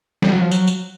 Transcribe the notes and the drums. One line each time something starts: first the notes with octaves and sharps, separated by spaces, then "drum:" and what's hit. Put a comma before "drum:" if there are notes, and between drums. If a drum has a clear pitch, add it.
G3, drum: snare
F#3
F3
F#3, drum: tambourine
drum: tambourine